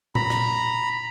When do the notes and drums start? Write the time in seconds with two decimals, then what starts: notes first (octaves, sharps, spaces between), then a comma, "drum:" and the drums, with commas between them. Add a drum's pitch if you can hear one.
0.15 A#5 B5, drum: tom A#2
0.30 drum: rim click